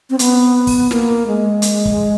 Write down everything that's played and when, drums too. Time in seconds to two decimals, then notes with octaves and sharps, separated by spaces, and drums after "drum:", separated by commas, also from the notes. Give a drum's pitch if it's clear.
0.10 C4
0.19 B3, drum: hi-hat
0.67 drum: kick, open hi-hat
0.91 A#3, drum: snare
1.27 G#3
1.62 drum: hi-hat
1.86 drum: kick